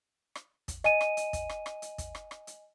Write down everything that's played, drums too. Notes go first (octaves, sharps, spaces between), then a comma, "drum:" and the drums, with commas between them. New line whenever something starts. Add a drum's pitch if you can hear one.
drum: rim click
drum: kick, hi-hat
D#5 G#5 D#7, drum: rim click
drum: rim click
drum: hi-hat
drum: kick, hi-hat
drum: rim click
drum: rim click
drum: hi-hat
drum: kick, hi-hat
drum: rim click
drum: rim click
drum: hi-hat